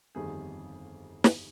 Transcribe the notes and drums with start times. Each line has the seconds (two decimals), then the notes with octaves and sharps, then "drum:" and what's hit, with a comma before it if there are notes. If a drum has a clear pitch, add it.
0.15 G1 F2 D#3 G3 G#4
1.24 drum: snare